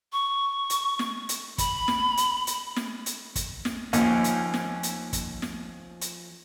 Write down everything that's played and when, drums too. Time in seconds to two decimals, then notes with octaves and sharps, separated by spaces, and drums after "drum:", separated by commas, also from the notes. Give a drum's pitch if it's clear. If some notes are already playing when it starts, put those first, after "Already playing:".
0.13 C#6
0.70 drum: hi-hat
0.99 drum: snare
1.29 drum: hi-hat
1.58 B5, drum: kick, hi-hat
1.88 drum: snare
2.17 drum: hi-hat
2.47 drum: hi-hat
2.76 drum: snare
3.06 drum: hi-hat
3.36 drum: kick, hi-hat
3.65 drum: snare
3.93 D#2 F3 C#4, drum: hi-hat
4.24 drum: hi-hat
4.54 drum: snare
4.83 drum: hi-hat
5.13 drum: kick, hi-hat
5.42 drum: snare
6.01 drum: hi-hat